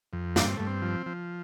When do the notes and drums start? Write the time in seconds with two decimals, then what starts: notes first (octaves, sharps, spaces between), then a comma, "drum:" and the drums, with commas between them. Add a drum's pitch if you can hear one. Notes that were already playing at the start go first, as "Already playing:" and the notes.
0.13 F2
0.36 G2 D4, drum: snare
0.47 C4
0.57 G2 A3
0.67 C4
0.82 F3
1.06 F3